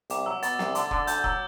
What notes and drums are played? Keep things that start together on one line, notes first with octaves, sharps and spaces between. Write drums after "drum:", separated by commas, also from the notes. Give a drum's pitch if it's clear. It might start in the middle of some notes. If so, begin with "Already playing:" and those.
C2 D6, drum: hi-hat
F#3 E6
B2 A6, drum: hi-hat
C2, drum: snare
D3, drum: hi-hat
D3, drum: kick
D2 G6, drum: hi-hat
F#3 E6, drum: kick